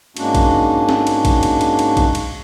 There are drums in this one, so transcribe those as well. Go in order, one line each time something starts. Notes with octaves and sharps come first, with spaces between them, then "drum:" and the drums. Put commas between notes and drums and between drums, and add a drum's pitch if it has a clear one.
G#2 G#3 A#3 C#4 D4 F#4, drum: cymbal
drum: kick, cymbal
drum: snare
drum: cymbal
drum: kick, cymbal
drum: cymbal
drum: cymbal
drum: cymbal
drum: kick, cymbal
drum: cymbal